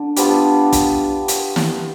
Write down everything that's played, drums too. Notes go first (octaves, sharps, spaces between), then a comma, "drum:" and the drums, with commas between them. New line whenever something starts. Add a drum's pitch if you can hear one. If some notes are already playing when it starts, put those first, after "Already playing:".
Already playing: D3
G3 B3 D4 F4, drum: hi-hat
drum: kick, hi-hat
drum: hi-hat
drum: snare